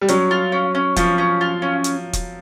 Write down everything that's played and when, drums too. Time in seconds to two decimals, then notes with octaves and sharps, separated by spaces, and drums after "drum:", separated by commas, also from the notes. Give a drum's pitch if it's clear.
0.01 G3
0.08 F#3 C#4, drum: hi-hat
0.31 F4
0.52 C#4
0.75 C#4
0.96 F3 C#4, drum: kick E1, hi-hat
1.18 C#4
1.41 F4
1.62 C#4
1.84 drum: hi-hat
2.13 drum: kick E1, hi-hat